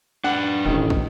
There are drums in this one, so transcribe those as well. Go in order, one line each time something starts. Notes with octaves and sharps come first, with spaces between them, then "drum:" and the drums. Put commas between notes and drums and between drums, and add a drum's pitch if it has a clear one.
D4 B4 F#5
E1 A1 D#3
drum: kick